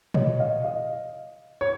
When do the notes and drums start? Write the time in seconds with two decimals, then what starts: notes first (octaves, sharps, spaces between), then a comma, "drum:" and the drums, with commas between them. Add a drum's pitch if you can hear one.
0.14 C#5 D#5, drum: tom A#2
0.39 D#5 F5
0.64 D#5 F5
1.61 C#5